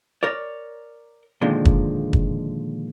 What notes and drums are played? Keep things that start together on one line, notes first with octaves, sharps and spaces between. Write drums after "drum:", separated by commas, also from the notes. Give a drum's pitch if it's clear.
A#4 C#5 D5
A#2 D3 D#3 F3 G#3 A#3
drum: kick
drum: kick